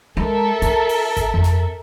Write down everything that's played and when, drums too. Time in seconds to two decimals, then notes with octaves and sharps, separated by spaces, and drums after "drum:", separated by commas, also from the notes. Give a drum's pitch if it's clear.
0.17 G#3 A4 A#4 E5
0.62 F4, drum: hi-hat
0.89 drum: open hi-hat
1.17 drum: kick G#1, hi-hat
1.34 F2
1.44 drum: snare